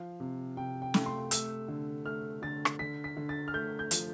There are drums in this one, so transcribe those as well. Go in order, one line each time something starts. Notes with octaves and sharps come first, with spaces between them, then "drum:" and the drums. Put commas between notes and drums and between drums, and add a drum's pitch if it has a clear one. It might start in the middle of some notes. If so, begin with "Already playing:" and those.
Already playing: F3 F5
C3
C3 G5
G5
A3, drum: snare
C6
A3 E6, drum: hi-hat
D3
A3 F6
D3 A6
drum: rim click
D3 B6
B6
D3
A6
F6
A3 G6
G6
F3, drum: hi-hat